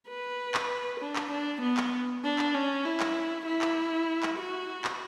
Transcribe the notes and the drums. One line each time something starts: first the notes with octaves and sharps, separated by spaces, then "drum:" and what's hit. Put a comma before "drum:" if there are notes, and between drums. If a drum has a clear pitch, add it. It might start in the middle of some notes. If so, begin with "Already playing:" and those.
B4
drum: clap
D4
drum: clap
D4
B3
drum: clap
D4
drum: clap
C#4
E4
drum: clap
E4
drum: clap
drum: clap
F#4
drum: clap